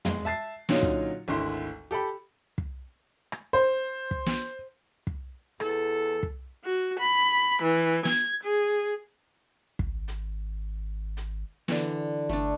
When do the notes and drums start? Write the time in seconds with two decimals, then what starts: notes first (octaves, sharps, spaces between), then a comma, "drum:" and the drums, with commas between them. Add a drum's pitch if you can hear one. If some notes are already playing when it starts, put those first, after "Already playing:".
0.05 G#3, drum: tom
0.25 E5 A5 A6 C7
0.69 A#2 D3 F#3 C#4 D#4 F4, drum: snare
0.83 drum: kick
1.28 G#1 D2 D3 E4 C6
1.91 G4 A4 G5 B5
2.58 drum: kick
3.32 drum: rim click
3.53 C5
4.11 drum: kick
4.26 drum: snare
5.07 drum: kick
5.60 E2 A4, drum: rim click
6.23 drum: kick
6.64 F#4
6.98 B5
7.61 E3
8.05 G#6, drum: snare
8.42 G#4
9.79 G#1, drum: kick
10.08 drum: hi-hat
11.17 drum: hi-hat
11.68 D3 E3, drum: snare
12.29 G1 A3 D4